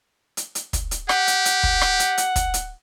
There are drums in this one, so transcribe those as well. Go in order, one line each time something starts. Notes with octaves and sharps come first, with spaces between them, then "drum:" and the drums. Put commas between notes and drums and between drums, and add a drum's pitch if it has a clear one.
drum: hi-hat
drum: hi-hat
drum: kick, hi-hat
drum: hi-hat
G4 F#5, drum: rim click
drum: hi-hat
drum: hi-hat
drum: kick
drum: rim click
drum: hi-hat
drum: hi-hat
drum: kick, hi-hat
drum: hi-hat